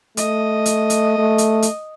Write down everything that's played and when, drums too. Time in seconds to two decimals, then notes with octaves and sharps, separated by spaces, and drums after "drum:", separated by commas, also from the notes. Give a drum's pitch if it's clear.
0.17 A3 D#5, drum: hi-hat
0.66 drum: hi-hat
0.90 drum: hi-hat
1.18 A3
1.38 drum: hi-hat
1.62 drum: hi-hat